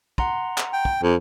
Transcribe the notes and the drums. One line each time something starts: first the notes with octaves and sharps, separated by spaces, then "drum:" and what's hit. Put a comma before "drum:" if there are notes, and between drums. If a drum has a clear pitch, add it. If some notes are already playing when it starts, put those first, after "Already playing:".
F#5 A#5 C6, drum: kick
drum: clap
G5
drum: kick
F2